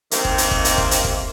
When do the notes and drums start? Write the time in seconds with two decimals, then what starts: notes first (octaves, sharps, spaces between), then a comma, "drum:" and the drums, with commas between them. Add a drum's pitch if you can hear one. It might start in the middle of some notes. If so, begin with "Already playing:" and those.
0.11 C3 D#3 A3 A#3 C4, drum: hi-hat
0.25 drum: kick
0.38 drum: hi-hat
0.51 drum: kick
0.65 drum: hi-hat
0.78 drum: kick
0.91 drum: hi-hat
1.04 drum: kick